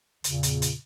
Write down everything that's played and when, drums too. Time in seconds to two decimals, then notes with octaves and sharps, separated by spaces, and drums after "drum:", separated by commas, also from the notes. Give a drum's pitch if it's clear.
0.24 E2 A#2 C#3, drum: hi-hat
0.43 drum: hi-hat
0.62 drum: hi-hat